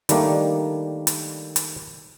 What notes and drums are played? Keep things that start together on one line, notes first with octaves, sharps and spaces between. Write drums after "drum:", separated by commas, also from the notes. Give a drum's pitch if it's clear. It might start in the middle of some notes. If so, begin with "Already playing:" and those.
D#3 G3 A3 A#3 D4, drum: hi-hat
drum: hi-hat
drum: hi-hat